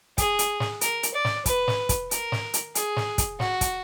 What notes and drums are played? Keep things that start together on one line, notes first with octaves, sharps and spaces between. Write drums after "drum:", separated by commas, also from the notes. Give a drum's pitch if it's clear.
G#4, drum: kick, hi-hat
drum: hi-hat
drum: snare
A#4, drum: hi-hat
drum: hi-hat
D5
drum: snare
B4, drum: kick, hi-hat
drum: snare
drum: kick, hi-hat
A#4, drum: hi-hat
drum: snare
drum: hi-hat
G#4, drum: hi-hat
drum: snare
drum: kick, hi-hat
F#4, drum: snare
drum: kick, hi-hat